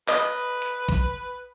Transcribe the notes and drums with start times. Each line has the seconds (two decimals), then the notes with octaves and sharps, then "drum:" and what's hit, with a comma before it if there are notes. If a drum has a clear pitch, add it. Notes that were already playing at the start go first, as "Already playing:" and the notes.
0.08 B4 D#5, drum: clap
0.62 drum: hi-hat
0.89 drum: kick, hi-hat